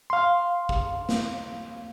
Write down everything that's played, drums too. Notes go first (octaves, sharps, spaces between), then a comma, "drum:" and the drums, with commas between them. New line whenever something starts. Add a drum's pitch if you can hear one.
F5 C6
drum: kick
drum: snare